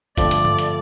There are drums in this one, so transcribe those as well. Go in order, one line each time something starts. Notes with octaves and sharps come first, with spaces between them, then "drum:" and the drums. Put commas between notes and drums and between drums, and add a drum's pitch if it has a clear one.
G2 D3 F3 A3 C4 D5, drum: kick G1, hi-hat
drum: hi-hat
drum: tom
drum: hi-hat